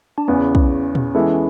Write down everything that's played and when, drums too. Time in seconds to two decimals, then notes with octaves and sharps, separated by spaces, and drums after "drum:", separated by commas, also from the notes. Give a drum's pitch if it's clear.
0.18 D4
0.28 E2 C#3 E3 B3 C#4
0.55 drum: kick
0.95 drum: tom A#2
1.15 E3 G#3 B3 E4 A4